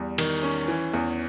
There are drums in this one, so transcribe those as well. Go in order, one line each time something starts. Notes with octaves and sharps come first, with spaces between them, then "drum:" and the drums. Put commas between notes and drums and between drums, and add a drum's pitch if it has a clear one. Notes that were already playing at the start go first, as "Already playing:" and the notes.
Already playing: E2 G3
D#3, drum: cymbal
C#4
E3
E2